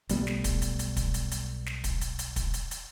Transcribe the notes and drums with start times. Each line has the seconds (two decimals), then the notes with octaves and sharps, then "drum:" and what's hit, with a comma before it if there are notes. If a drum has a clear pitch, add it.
0.09 B1 G3 A3 B3, drum: hi-hat
0.27 drum: snare
0.44 drum: kick, hi-hat
0.62 drum: hi-hat
0.79 drum: hi-hat
0.97 drum: kick, hi-hat
1.14 drum: hi-hat
1.31 drum: hi-hat
1.66 drum: snare
1.84 drum: kick, hi-hat
2.01 drum: hi-hat
2.19 drum: hi-hat
2.36 drum: kick, hi-hat
2.54 drum: hi-hat
2.71 drum: hi-hat